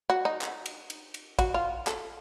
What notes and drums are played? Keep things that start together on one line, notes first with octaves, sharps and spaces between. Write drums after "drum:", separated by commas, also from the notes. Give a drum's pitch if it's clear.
F#4
D#4
drum: clap
drum: cymbal
drum: cymbal
drum: cymbal
F#4, drum: kick A#1, cymbal
F4
A4, drum: clap